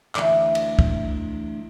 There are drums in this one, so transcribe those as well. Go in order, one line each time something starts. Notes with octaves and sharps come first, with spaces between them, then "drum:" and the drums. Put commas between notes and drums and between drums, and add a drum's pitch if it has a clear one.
D2 E3 D5, drum: clap
drum: cymbal
drum: kick